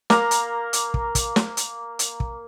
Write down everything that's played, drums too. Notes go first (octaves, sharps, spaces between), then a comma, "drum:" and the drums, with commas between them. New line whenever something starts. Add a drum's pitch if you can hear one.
A#3 A#5, drum: snare
drum: hi-hat
drum: hi-hat
drum: kick
drum: kick, hi-hat
drum: snare
drum: hi-hat
drum: hi-hat
drum: kick